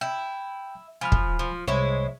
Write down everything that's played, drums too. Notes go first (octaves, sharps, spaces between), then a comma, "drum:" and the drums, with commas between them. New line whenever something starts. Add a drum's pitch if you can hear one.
E4 G5
F3 G#5 B5 F6
drum: kick
F3
C2 G#3 E4 C5 C#5